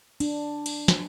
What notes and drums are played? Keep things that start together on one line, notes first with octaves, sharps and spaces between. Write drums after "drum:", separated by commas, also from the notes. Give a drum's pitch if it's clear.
D4, drum: cymbal
drum: cymbal
drum: snare